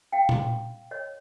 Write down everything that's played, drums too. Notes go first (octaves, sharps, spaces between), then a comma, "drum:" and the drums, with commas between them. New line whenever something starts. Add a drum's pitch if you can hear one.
F5 G5
drum: tom A#2
C#5 D#5